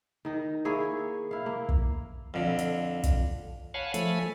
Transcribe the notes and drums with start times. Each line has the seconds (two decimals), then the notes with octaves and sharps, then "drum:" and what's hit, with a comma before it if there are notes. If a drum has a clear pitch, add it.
0.25 D#3 D#4
0.65 A#3 E4 G#4 C#5
1.31 E4 F5
1.46 A#3
1.69 drum: kick
2.34 F2 D3
2.59 drum: hi-hat
3.04 drum: kick, hi-hat
3.74 C#5 F5 F#5 G#5 A5 B5
3.94 F3 A3 A4 G#5 B5, drum: hi-hat